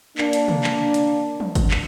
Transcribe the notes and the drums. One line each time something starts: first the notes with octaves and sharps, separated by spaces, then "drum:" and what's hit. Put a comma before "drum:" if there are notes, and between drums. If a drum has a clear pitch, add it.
A#3 D4, drum: clap
drum: hi-hat
drum: tom
drum: clap
drum: hi-hat
drum: tom
drum: kick, hi-hat
drum: clap